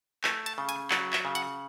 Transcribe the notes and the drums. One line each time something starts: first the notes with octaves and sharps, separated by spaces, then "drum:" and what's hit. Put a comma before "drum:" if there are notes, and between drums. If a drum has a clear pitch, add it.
A3 G#5, drum: clap
A5, drum: hi-hat
C#3
G#5, drum: hi-hat
F#3 F#5, drum: clap
E5, drum: clap
C#3
F#5, drum: hi-hat